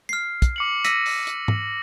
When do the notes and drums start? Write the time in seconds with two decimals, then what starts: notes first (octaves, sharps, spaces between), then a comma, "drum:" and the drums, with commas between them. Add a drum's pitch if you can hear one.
0.09 F6 C7
0.42 drum: kick, hi-hat
0.56 D6 C#7 F#7
0.85 E6 A#6 B6 D#7, drum: hi-hat
1.06 drum: open hi-hat
1.27 drum: hi-hat
1.48 drum: tom